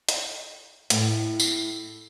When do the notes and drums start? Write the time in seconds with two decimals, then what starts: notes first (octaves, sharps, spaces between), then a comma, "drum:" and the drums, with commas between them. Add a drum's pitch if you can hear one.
0.09 drum: hi-hat
0.90 A2, drum: hi-hat
1.40 drum: tambourine